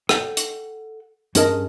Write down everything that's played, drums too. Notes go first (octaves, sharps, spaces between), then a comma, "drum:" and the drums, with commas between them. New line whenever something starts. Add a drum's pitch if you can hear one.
A4 F#5 G5, drum: rim click
drum: hi-hat
G2 C#4 G#4 A#4 D#5 A5, drum: hi-hat